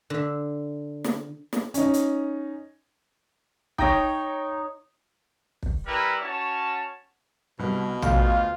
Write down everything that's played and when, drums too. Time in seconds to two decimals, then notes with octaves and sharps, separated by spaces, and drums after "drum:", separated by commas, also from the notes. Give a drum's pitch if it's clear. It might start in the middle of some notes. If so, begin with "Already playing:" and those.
0.10 D3 E5
1.04 drum: snare
1.53 drum: snare
1.74 C#4 D#4, drum: hi-hat
1.94 drum: hi-hat
3.78 D#4 C#5 G5 D#6 A#6, drum: kick
5.63 drum: kick
5.86 G3 E4 A#4 B4
6.21 C#4 F#4 C#5 A5
7.59 C2 B2
8.02 D2 F4 F5, drum: tom A#1